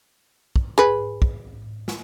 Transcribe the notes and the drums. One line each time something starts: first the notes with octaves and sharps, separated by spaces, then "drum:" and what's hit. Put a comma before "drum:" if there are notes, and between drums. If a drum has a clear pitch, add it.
drum: kick
G#4 B4
drum: kick
drum: snare